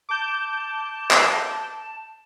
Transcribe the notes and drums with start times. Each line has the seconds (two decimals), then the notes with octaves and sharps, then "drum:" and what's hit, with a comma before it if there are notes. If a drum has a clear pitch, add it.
0.09 A5 D6 G6
1.11 drum: clap